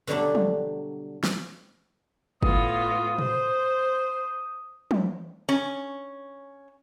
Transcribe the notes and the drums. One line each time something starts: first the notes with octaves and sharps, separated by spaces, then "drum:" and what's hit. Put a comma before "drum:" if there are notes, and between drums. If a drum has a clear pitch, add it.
B2 D3 F#3 G3 A3 D4
drum: tom
drum: snare
A2 B3 F4 D#6, drum: kick G1
C5, drum: tom
drum: tom
C#4